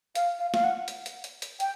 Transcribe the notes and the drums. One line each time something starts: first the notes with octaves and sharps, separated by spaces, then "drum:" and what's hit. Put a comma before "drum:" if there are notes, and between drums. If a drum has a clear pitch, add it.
F5, drum: hi-hat
F5
F5, drum: snare
F#5
drum: hi-hat
drum: hi-hat
drum: hi-hat
drum: hi-hat
G5, drum: hi-hat